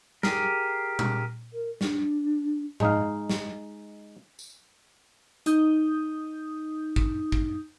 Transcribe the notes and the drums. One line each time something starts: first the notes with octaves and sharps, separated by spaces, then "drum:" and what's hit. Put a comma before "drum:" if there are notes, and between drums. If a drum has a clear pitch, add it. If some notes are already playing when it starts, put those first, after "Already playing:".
G4 G#4 A#4, drum: snare
drum: tom A#2
A#4
D4, drum: snare
G#3 D#4 F5, drum: tom G#2
drum: snare
drum: tambourine
D#4 D#6 G6, drum: hi-hat
drum: kick
drum: kick